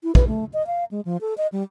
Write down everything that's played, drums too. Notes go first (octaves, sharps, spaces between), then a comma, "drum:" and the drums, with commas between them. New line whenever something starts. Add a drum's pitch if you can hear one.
E4
B4, drum: kick A#1
A3
D#5
F5
G#3
F3
A4
D#5
G3